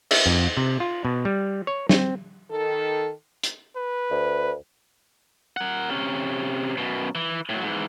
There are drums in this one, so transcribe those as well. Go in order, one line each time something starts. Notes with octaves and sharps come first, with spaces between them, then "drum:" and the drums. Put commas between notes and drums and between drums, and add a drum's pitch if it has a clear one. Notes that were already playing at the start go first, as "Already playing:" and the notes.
E5, drum: cymbal
F2
C3
F4
B2
G3
C#5
C4, drum: snare
D#3 A4
drum: hi-hat
B4
D2
A#4 F#5
C3 C#4
F#2 B2
E3
A2 F#3
G#2 E3